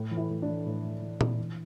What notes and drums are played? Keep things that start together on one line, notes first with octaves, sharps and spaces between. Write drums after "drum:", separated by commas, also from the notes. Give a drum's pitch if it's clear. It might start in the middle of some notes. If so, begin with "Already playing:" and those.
Already playing: A2
E3
E4
A2
E3 D4
A2
A2
E3
E3, drum: tom A#2
E3